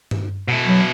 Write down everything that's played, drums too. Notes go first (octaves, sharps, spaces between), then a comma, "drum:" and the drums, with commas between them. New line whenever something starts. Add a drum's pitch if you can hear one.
drum: tom G2
B2 E4
F#3